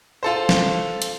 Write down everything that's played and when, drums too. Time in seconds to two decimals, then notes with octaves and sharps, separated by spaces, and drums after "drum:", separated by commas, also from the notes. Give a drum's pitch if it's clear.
0.23 F4 A4 C5
0.49 drum: snare
1.02 drum: hi-hat